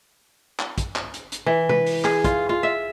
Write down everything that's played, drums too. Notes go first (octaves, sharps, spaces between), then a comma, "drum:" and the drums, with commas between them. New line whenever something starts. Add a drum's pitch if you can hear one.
drum: clap
drum: kick, hi-hat
drum: clap
drum: hi-hat
drum: hi-hat
E3
B4, drum: tom C3
drum: open hi-hat
G#4, drum: clap
F4, drum: kick, hi-hat
F4
E5